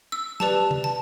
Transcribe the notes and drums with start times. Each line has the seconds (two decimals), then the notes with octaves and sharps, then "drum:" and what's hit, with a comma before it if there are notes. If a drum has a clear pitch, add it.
0.12 E6
0.40 G4 B4 D5 A5, drum: snare
0.71 drum: tom C3
0.84 A5